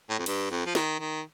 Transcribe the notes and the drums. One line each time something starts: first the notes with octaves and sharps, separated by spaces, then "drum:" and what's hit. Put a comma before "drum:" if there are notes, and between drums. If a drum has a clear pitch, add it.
A2
F2
G2, drum: cymbal
F2
F3
D#3, drum: snare
D#3